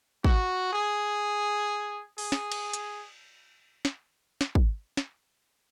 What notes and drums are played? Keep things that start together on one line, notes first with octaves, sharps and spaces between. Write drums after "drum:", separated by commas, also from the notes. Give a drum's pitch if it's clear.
F#4, drum: kick
G#4
G#4, drum: open hi-hat
drum: snare
drum: cymbal
drum: hi-hat
drum: snare
drum: snare
drum: kick
drum: snare